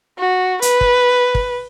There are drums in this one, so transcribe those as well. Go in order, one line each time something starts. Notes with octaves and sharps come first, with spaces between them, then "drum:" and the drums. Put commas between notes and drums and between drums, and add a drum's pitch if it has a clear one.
F#4
B4, drum: hi-hat
drum: kick
drum: kick